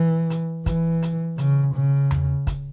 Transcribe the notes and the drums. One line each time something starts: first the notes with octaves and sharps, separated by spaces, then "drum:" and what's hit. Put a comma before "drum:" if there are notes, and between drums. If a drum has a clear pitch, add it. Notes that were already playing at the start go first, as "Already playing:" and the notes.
Already playing: E3
drum: hi-hat
E3, drum: kick, hi-hat
drum: hi-hat
C#3, drum: hi-hat
C#3
drum: tom E2
drum: kick, hi-hat